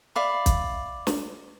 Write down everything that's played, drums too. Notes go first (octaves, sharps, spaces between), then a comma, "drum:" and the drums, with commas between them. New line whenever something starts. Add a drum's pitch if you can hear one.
D5 E5 F5 B5
drum: kick, hi-hat
drum: snare